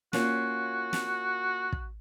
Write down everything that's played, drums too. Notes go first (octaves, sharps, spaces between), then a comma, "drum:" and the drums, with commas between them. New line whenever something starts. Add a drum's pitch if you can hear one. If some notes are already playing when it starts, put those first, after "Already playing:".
A#3 C#4 F4 F#4, drum: snare
drum: snare
drum: kick